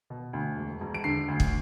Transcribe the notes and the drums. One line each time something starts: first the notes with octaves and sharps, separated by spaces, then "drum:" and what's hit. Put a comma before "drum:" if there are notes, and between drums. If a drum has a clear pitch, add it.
B2
D2
E1
E1
D7
D3 C7
D2
drum: kick